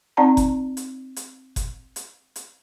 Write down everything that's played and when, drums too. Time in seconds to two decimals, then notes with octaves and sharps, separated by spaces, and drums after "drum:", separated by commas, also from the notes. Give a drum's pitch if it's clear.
0.17 C4 D#4 D5 F#5 A5 A#5
0.37 drum: kick F#1, hi-hat
0.77 drum: hi-hat
1.16 drum: hi-hat
1.56 drum: kick F#1, hi-hat
1.96 drum: hi-hat
2.36 drum: hi-hat